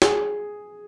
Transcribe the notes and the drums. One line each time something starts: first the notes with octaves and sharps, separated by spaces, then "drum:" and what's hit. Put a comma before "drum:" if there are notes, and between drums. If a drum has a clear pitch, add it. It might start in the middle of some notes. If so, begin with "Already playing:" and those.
G#4, drum: snare